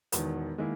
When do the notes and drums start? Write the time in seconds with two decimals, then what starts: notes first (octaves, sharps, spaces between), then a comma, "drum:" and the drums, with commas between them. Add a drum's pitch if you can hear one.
0.12 E1 E2 D#3 B3, drum: hi-hat
0.58 D#3 G#3 A#3 E4